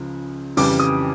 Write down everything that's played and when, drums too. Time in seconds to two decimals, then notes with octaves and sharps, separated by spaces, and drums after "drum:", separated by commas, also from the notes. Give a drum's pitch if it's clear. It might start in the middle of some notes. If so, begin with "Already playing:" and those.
Already playing: C#2 C#3 F3
0.57 F2 C#3 E3 G3 D6, drum: open hi-hat
0.80 D#6